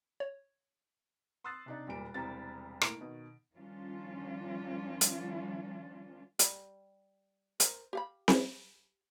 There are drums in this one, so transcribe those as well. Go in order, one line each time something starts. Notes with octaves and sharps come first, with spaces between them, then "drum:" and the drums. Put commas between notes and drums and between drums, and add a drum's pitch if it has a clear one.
C#5
C6 D#6 E6 F#6 A6 C7
C3 D4 D#4
E1 A#2 G3 D7
E1 C2 G3 C4 A#5 A6
A2 A#3 D7, drum: rim click
B2 D#3
D#3 F3 G3 C#4 D4 F4
drum: hi-hat
G3, drum: hi-hat
A#4 C5, drum: hi-hat
G4 F5 B5
drum: snare C4